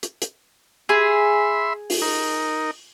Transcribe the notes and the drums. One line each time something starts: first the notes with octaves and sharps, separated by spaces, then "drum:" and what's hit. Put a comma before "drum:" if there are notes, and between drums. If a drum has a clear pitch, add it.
drum: hi-hat
drum: hi-hat
G#4 E5 B5 C6
drum: open hi-hat
D#4 A#4